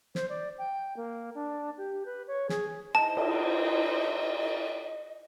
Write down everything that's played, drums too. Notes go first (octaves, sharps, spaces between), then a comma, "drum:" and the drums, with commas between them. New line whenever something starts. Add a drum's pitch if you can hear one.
C5, drum: snare
D5
G5
A#3
D4
G4
B4
C#5
G#4, drum: snare
D#4 E4 C5 D#5 A5
drum: cymbal